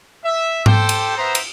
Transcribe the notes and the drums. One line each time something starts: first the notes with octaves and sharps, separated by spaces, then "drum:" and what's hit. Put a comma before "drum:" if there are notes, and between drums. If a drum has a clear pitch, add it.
E5
G4 A4 C5 G5, drum: tom G#2
drum: cymbal
B3 C5 E5 A#5
drum: cymbal